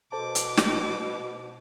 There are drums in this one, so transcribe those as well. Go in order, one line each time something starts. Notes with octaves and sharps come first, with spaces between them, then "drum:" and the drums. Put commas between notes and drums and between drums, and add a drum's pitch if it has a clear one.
B2 A4 C5 A5 D6
drum: hi-hat
drum: snare